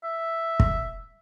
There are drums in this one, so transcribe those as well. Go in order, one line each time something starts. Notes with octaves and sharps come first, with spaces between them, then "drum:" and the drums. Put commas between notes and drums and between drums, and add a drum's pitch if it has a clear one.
E5
drum: kick